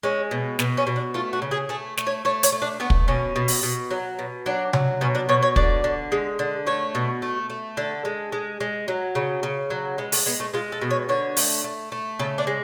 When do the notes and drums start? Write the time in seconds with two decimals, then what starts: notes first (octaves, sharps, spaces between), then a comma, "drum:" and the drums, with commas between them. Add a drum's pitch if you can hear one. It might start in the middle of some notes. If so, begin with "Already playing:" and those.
0.03 G#3 C#4
0.31 B2
0.59 B2 B3, drum: snare
0.77 C#4
0.87 B2
0.96 D4
1.14 A3 F4
1.33 F#4
1.42 C#3
1.51 G#4
1.69 A3 G#4
1.97 A3, drum: snare
2.07 C#5
2.25 A3 C#5
2.43 C#5, drum: hi-hat
2.52 A3
2.62 D4
2.80 A3 B3
2.90 drum: kick
3.08 B2 C#4
3.36 B2
3.48 drum: open hi-hat
3.63 B2
3.91 F#3
4.19 B2
4.46 F#3 D4
4.73 F#3, drum: tom C3
5.01 B2 C#4
5.15 D4
5.29 B2 C#5
5.42 C#5
5.56 D3 D5, drum: kick
5.84 D3
6.12 G#3
6.39 D3
6.67 A3 C#5
6.95 B2
7.22 A3
7.50 A3
7.77 D3 A4
8.05 G#3
8.32 G#3
8.60 G#3
8.88 F#3
9.15 C#3
9.43 C#3
9.70 F#3
9.98 G#3 B3
10.12 A3, drum: open hi-hat
10.26 G#3 B3
10.40 A3
10.54 G#3 F4
10.72 A4
10.81 B2
10.91 C#5
11.09 D3 C#5
11.37 A3, drum: open hi-hat
11.64 A3
11.92 A3
12.19 C#3 A4
12.38 D4
12.47 G#3